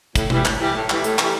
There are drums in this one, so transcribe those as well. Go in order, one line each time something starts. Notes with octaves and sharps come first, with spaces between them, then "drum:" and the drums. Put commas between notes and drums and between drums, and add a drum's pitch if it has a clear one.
A2, drum: kick, hi-hat
E3 G3, drum: tom B2
A2, drum: clap
E3 G3
A2
E3 G3, drum: clap
A2, drum: hi-hat
E3 G3, drum: clap